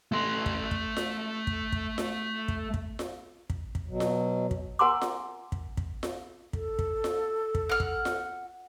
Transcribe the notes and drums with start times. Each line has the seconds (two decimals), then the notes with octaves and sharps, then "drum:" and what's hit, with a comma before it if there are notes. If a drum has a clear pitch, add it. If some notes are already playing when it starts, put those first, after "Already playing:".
0.12 A3 C6
0.46 drum: kick
0.71 drum: kick
0.97 drum: snare F4
1.47 drum: kick
1.72 drum: kick
1.98 drum: snare F4
2.48 drum: kick
2.74 drum: kick
2.99 drum: snare F4
3.50 drum: kick
3.75 drum: kick
3.88 B2 F#3
4.00 drum: snare F4
4.51 drum: kick
4.79 A#4 F#5 G#5 A#5 C6 D6
5.02 drum: snare F4
5.52 drum: kick
5.77 drum: kick
6.03 drum: snare F4
6.53 A4, drum: kick
6.79 drum: kick
7.04 drum: snare F4
7.55 drum: kick
7.69 F#5 F6
7.80 drum: kick
8.05 drum: snare F4